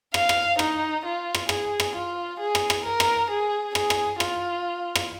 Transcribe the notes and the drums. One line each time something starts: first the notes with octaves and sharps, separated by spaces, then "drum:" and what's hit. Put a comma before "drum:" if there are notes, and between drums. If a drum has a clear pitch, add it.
F5, drum: rim click
drum: rim click
D#4, drum: rim click
F4
drum: rim click
G#4, drum: rim click
drum: rim click
F4
G#4
drum: rim click
drum: rim click
A#4
drum: rim click
G#4
G#4, drum: rim click
drum: rim click
F4, drum: rim click
drum: rim click